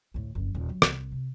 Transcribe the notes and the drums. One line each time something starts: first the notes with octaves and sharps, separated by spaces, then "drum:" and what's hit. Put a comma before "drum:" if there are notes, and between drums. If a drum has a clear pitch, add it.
D2 A2
F#1 F2
D#1
F#3
C2, drum: rim click
C3